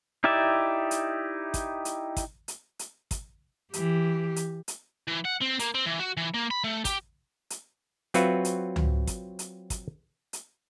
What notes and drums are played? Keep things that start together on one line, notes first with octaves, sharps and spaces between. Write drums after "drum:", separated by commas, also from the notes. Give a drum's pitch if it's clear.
D#4 E4 G4 D5 E5
drum: hi-hat
drum: kick, hi-hat
drum: hi-hat
drum: kick, hi-hat
drum: hi-hat
drum: hi-hat
drum: kick, hi-hat
E3 G4, drum: hi-hat
drum: hi-hat
drum: hi-hat
E3
F#5
C4
A#3, drum: hi-hat
C4
E3
F#4
E3
A#3
B5
A3
G4, drum: kick, hi-hat
drum: hi-hat
F#3 C4 F4 F#4 B4 E5, drum: hi-hat
drum: hi-hat
drum: tom C#2
drum: kick, hi-hat
drum: hi-hat
drum: kick, hi-hat
drum: hi-hat